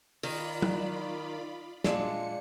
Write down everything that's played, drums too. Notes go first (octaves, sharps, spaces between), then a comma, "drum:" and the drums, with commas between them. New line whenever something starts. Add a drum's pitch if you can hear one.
D#3 F4 D5 B5, drum: open hi-hat
drum: tom F#3
A#2 G#3 D4 C#7, drum: snare